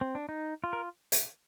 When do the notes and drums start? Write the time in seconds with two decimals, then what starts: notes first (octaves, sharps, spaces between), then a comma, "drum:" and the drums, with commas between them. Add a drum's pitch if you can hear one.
0.01 C4
0.15 D4
0.29 D#4
0.64 F4
0.73 A#4
1.12 drum: hi-hat